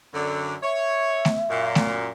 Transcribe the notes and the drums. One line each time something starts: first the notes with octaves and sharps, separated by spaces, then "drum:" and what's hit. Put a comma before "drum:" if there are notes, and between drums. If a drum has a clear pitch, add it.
F#2 D3
C#5 E5
drum: snare A3
F#2 A#2
drum: snare A3